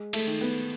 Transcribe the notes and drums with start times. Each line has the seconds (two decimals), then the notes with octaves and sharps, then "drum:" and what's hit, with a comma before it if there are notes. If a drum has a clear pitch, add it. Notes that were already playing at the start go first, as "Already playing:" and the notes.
Already playing: G#3
0.13 A3, drum: cymbal
0.27 D#3
0.41 B3